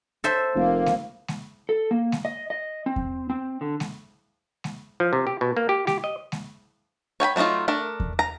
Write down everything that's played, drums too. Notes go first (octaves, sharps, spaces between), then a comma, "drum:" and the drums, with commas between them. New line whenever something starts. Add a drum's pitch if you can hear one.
A4 C5 E5
F1 A#3
drum: snare G#3
drum: snare G#3
A4
A#3
drum: snare G#3
D#5
D#5
C4
drum: kick E2
C4
D3
drum: snare G#3
drum: snare G#3
F3
C3
G4
B2
A#3
G4
G4, drum: snare G#3
D#5
drum: snare G#3
C#5 G5 G#5 B5
F#3 A3 D4 D#4 F4
A3 D4 A#4
drum: kick E2
A#5